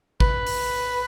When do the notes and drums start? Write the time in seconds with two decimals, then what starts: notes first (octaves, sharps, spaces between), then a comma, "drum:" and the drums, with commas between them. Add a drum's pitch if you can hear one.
0.20 B4, drum: kick
0.47 drum: open hi-hat